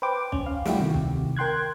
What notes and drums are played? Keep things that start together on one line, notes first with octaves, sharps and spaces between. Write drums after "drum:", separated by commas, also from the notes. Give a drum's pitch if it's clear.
B4 C5 G5 D6
C#4, drum: kick
F5
G3 A3 E4 F#4 G4, drum: snare
C3 D#3
drum: kick
A#4 G5 C6 F#6 G#6